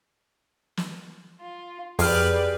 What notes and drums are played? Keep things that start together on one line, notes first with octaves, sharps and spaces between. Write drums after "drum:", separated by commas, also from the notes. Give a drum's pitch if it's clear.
drum: snare
F4
F2 G4 G#4 B4 D5 D6 F6, drum: open hi-hat